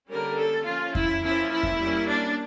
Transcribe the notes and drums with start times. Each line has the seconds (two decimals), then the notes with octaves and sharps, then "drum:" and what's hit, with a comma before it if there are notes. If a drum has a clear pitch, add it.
0.10 D3 G3 A#3 C#4 A#4
0.38 A4
0.66 F3 C#4 F4
0.95 E4, drum: kick F2
1.22 F3 A#3 C#4 E4
1.51 E4
1.63 drum: kick F2
1.79 G3 A#3 C#4
2.08 D4